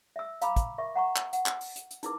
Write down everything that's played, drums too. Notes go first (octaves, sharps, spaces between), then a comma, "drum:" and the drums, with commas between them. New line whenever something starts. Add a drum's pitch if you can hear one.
E5 E6
F5 A#5 B5 D6, drum: hi-hat
drum: kick, hi-hat
A#4 E5 C#6
F#5 A#5 C#6
drum: clap
F#5, drum: hi-hat
drum: clap
drum: open hi-hat
drum: hi-hat
drum: hi-hat
D#4 E4 A#4 B4 D6, drum: hi-hat